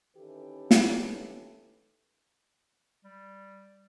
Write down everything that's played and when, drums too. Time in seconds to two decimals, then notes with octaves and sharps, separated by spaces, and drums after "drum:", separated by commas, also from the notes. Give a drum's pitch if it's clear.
0.16 D#3 E3 C#4 G4 A4 B4
0.71 drum: snare
3.04 G3